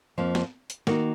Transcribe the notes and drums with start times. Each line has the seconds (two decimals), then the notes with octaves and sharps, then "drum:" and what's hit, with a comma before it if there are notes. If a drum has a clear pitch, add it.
0.18 F2 F3 A#3
0.35 drum: snare
0.70 drum: hi-hat
0.87 D#3 A#3 D#4 F#4 A#4, drum: snare